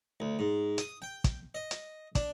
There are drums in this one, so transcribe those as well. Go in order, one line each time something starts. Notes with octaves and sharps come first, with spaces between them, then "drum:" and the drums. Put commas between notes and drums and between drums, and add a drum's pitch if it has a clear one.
D2
G#2
D#6, drum: hi-hat
G5
drum: kick, hi-hat
D#5
drum: hi-hat
D4, drum: kick, hi-hat